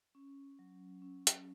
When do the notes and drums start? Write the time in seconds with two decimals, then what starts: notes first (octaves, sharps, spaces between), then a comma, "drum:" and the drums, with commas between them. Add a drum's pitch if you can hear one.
0.15 C#4
0.59 F#3
1.02 C#4
1.27 drum: hi-hat